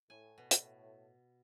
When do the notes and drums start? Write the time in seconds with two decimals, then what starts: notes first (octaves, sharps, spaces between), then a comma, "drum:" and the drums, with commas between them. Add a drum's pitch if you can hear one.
0.10 A2 G#5
0.38 B2
0.51 drum: hi-hat